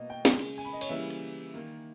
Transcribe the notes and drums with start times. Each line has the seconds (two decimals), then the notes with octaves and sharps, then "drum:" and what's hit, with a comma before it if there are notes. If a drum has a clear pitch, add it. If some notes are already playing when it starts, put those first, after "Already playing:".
Already playing: B2 A#3 D#5
0.10 G5
0.25 C#3 G#3 G#5, drum: snare
0.39 drum: cymbal
0.58 G#5
0.65 B5
0.73 D#5
0.81 C#5, drum: cymbal
0.89 C#3 E3 G3 A#3 E5
1.10 drum: hi-hat
1.54 D#3 A#3